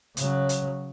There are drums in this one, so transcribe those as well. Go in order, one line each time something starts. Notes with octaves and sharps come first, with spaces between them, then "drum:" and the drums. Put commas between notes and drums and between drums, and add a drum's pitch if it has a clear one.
C#3 F#3, drum: hi-hat
drum: hi-hat